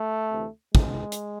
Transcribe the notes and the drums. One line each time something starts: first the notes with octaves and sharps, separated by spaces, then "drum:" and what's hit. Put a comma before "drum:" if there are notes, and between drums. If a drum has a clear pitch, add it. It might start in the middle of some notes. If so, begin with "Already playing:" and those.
Already playing: A3
D2 C3 E3
D2 C#3 E3 G#3, drum: kick
drum: hi-hat